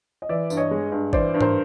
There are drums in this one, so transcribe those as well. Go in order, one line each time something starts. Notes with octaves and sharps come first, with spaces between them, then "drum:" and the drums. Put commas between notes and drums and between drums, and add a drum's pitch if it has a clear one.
D#5
E3 D5 E5
G2, drum: tambourine
C#5 D#5
G#3
G2
E3 C5 D5, drum: kick G#1
G2
A#4 C5, drum: tom G#2